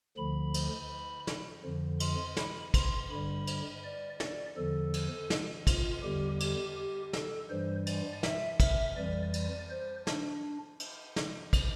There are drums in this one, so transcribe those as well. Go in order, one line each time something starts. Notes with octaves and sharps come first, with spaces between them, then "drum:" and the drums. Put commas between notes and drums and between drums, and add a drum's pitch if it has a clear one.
D2 D3 F3 B5
drum: cymbal
drum: snare
F2 D3 F3
C6, drum: cymbal
B5, drum: snare
C6, drum: kick, cymbal
G2 D3 G3 B5
drum: cymbal
D5
D5, drum: snare
E2 D3 F3 A4
drum: cymbal
drum: snare
F4, drum: kick, cymbal
E2 D3 G3 G4
G4, drum: cymbal
G4
A4, drum: snare
G2 E3 G3 C5
D5, drum: cymbal
E5, drum: snare
E5, drum: kick, cymbal
F2 E3 G3 D5
D5, drum: cymbal
C5
D4, drum: snare
drum: cymbal
drum: snare
drum: kick, cymbal